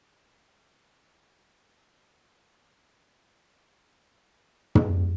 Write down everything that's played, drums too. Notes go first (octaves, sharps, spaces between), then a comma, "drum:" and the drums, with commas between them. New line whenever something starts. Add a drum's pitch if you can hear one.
F#5
B4
G#4 D#5
D#3 F3
A2 F5
drum: tom